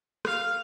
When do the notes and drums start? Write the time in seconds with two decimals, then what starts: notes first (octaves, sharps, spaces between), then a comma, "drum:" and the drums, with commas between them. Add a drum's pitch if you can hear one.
0.25 F5, drum: rim click